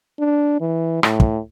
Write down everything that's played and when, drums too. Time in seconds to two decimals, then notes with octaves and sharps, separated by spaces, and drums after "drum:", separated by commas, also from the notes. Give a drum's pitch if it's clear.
0.19 D4
0.61 E3
1.03 A2, drum: rim click
1.20 drum: kick